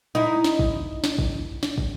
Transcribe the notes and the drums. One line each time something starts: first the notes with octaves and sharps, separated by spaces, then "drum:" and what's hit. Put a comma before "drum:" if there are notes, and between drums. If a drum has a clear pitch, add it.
D#4 E4
drum: snare
drum: kick
drum: snare
drum: kick
drum: snare
drum: kick